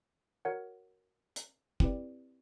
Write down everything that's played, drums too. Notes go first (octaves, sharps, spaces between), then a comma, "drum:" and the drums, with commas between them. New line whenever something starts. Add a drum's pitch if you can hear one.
F#4 A#4 C#5 F#5
drum: hi-hat
C4 E4 G4 B4 D5, drum: kick